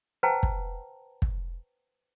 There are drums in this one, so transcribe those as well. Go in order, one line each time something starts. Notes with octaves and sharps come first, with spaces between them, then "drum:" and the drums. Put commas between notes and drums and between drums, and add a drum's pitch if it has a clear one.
B4 C5 F#5 G5 A5 A#5
drum: kick
drum: kick